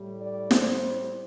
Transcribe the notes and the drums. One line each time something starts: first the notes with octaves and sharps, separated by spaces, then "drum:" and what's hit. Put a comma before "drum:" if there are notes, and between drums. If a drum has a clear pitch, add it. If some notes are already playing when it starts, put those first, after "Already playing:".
Already playing: A2 G3
D5
C5, drum: snare